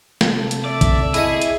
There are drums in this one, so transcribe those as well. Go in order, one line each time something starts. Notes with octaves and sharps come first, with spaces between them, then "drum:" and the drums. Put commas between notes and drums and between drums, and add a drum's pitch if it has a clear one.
C3 A4, drum: snare
drum: hi-hat
D5 E5
drum: kick A#1, hi-hat
E4 G#4 D#5 C#6, drum: hi-hat
drum: hi-hat